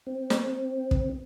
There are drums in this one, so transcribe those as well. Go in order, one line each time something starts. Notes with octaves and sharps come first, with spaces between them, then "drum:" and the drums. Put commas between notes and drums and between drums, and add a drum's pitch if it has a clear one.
C4
drum: snare
drum: kick